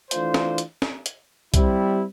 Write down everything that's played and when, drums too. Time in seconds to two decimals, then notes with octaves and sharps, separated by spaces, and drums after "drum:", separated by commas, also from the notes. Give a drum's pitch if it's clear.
0.11 E3 A3 D4 F4 C5, drum: hi-hat
0.34 drum: snare
0.58 drum: hi-hat
0.82 drum: snare
1.06 drum: hi-hat
1.54 G3 C4 E4, drum: kick, hi-hat